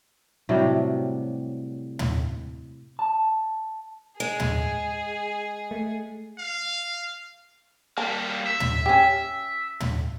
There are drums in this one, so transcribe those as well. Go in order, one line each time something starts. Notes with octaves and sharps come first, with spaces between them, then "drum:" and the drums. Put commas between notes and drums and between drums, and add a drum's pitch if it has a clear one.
A2 C3 F#3 G3
drum: tom
A5
G#3 G#4
drum: tom
A3
F5
G3 A#3 A5
E5
drum: tom
C#4 G4
drum: tom